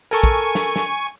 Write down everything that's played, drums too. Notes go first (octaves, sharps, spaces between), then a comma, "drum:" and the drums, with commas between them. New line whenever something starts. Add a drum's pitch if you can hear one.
A4 A#4 G#5 C#6
drum: kick
drum: snare
drum: snare